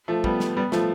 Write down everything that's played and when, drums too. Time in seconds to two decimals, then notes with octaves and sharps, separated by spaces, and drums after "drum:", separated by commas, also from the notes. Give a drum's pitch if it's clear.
0.08 F3 A3
0.24 G3 B3, drum: kick
0.40 drum: snare
0.57 G3 B3
0.72 F3 A3, drum: snare